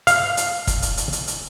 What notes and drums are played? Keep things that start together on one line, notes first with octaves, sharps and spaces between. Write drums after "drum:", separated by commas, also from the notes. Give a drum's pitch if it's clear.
F5, drum: hi-hat
drum: hi-hat
drum: kick E1, hi-hat
drum: hi-hat
drum: hi-hat
drum: hi-hat
drum: hi-hat